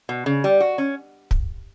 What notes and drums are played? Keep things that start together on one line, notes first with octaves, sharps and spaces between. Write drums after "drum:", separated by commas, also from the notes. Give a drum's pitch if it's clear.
B2
C#3
G3
F#4
C#4
drum: kick